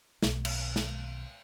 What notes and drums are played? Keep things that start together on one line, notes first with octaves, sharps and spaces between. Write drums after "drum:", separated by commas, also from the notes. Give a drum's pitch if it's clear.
B1 D#3, drum: snare
drum: cymbal
drum: snare